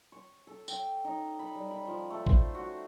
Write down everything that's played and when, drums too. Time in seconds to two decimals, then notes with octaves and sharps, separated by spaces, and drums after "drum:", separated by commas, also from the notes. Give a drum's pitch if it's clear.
0.12 C#6
0.47 A4
0.68 G5, drum: tambourine
1.04 D#4
1.39 B5
1.55 G3
1.71 B5
1.87 F3
2.10 A3
2.26 C5, drum: kick A1
2.55 F#4